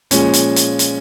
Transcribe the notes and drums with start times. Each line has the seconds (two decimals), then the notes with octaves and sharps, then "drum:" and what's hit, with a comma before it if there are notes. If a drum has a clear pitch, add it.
0.11 A#2 F3 G#3 C#4, drum: hi-hat
0.33 drum: hi-hat
0.56 drum: hi-hat
0.79 drum: hi-hat